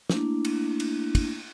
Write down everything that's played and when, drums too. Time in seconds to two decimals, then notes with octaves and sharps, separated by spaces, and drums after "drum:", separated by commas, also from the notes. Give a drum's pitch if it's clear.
0.10 A3 A#3 D4 E4, drum: snare
0.45 drum: cymbal
0.80 drum: cymbal
1.15 drum: kick, cymbal